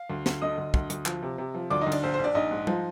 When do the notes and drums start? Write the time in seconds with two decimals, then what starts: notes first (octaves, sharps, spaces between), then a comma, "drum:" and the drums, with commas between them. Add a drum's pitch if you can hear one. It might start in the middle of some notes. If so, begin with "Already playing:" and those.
Already playing: F5
0.10 D2
0.26 D2, drum: snare
0.42 D3 D#5 D#6
0.58 D2
0.74 D2, drum: kick
0.90 D2, drum: hi-hat
1.06 F3, drum: clap
1.22 C3
1.38 C3
1.54 F3
1.70 D2 D5 D6
1.81 D#4 D#5
1.86 D2
1.92 D4 D5, drum: cymbal
2.03 A#1 C5
2.14 C5
2.19 A#1
2.24 D4 D5
2.35 A#1 D#4 D#5
2.51 G#2
2.67 F3, drum: tom G3